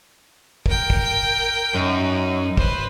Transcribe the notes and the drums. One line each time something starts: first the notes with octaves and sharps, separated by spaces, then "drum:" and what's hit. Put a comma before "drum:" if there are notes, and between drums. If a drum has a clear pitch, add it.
A#4 G5, drum: kick
drum: kick
F#2 D#4
B4 C5, drum: kick